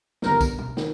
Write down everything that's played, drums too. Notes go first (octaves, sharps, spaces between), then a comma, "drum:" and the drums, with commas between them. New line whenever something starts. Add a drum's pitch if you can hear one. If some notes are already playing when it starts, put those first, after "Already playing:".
G1 G2 D#3 A#4, drum: snare
drum: kick, tambourine
drum: tom B2
D#3, drum: snare